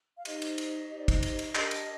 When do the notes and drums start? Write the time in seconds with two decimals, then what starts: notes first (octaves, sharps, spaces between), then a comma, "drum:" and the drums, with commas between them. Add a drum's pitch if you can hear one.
0.17 F5
0.25 D#4 G4 C5 D#5, drum: cymbal
0.42 drum: cymbal
0.58 drum: cymbal
0.90 D#4 G4 C5 D#5
0.99 D5
1.08 D#5, drum: kick, cymbal
1.23 drum: cymbal
1.39 drum: cymbal
1.55 D4 G4 A#4 D#5, drum: clap
1.71 drum: cymbal